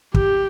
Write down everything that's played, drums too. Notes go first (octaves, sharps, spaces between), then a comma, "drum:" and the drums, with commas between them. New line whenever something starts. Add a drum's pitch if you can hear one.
G4, drum: kick